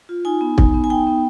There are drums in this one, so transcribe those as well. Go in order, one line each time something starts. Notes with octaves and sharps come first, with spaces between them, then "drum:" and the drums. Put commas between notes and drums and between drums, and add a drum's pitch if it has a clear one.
F4
D#4 G#5
B3
D#4, drum: kick
B3
G#5
D#4 G5
B3